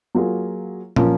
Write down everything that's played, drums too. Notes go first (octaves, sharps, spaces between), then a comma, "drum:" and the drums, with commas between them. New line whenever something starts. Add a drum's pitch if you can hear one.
F#3 A#3 F4 G#4
F3 A#3 C#4, drum: tom